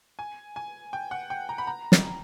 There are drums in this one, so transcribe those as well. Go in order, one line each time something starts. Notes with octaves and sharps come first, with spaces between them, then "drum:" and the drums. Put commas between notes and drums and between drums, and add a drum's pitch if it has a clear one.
G#5
G#5
G5
F#5
G5
A#5
B5
A#5
drum: snare